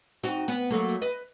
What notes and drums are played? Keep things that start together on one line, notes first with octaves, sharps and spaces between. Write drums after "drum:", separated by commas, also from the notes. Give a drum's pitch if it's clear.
C4 D#4 F#4, drum: tambourine
B3, drum: tambourine
F#3 A3 A#3
drum: tambourine
B4 D#5